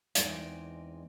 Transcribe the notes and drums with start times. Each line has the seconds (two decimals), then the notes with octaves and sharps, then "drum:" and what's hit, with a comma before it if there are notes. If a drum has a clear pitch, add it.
0.15 E2 G#3 C4 D#4 D5, drum: hi-hat